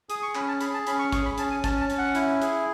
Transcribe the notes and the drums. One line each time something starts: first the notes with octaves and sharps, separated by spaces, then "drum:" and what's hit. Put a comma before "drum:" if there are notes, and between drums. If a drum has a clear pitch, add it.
G#4 D#6, drum: hi-hat
C#6
C#4 B5, drum: clap
A5
G#4 B5, drum: hi-hat
A5
C#4 B5, drum: hi-hat
C#6
G#4 C#6, drum: kick, hi-hat
B5
C#4 A5, drum: hi-hat
G#5
C#4 A5, drum: kick, hi-hat
A5
C#4, drum: hi-hat
F#5
E4, drum: hi-hat
G#4, drum: hi-hat